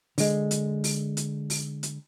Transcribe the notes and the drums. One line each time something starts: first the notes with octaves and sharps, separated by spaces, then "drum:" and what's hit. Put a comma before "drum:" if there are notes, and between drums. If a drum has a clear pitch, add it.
D3 G#3, drum: open hi-hat
drum: hi-hat
drum: open hi-hat
drum: hi-hat
drum: open hi-hat
drum: hi-hat